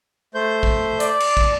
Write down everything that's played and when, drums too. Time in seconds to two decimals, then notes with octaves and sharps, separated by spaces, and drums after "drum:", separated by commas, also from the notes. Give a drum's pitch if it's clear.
0.35 A3 C5 G6
0.63 drum: kick
1.00 D5, drum: hi-hat
1.20 drum: cymbal
1.37 drum: kick